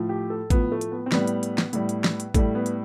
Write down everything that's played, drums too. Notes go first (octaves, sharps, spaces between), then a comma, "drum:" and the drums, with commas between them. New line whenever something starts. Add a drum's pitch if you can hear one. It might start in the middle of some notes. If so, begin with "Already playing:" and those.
Already playing: A2 F3
G4
A4
A2 F3 B3, drum: kick A1, hi-hat
A3
drum: hi-hat
B3
C4
A2 G3 B3, drum: snare
drum: hi-hat
drum: hi-hat
drum: snare
A2 G3, drum: hi-hat
drum: hi-hat
drum: snare
drum: hi-hat
A2 G3 A3, drum: kick A1, hi-hat
B3
drum: hi-hat